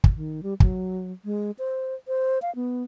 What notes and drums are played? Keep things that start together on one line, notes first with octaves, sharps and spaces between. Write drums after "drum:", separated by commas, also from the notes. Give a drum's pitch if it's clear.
drum: kick
D#3
G3
F#3, drum: kick
G#3
C5
C5
F5
B3